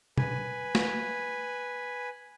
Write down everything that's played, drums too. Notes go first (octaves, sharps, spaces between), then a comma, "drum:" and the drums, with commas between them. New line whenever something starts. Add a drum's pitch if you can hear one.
B4 G#5, drum: tom B2
drum: snare